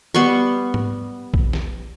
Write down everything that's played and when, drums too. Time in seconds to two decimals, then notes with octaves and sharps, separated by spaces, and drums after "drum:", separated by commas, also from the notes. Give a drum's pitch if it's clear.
0.15 G3 B3 C6 C#6
0.74 drum: tom G#2
1.34 drum: kick A#1
1.53 drum: snare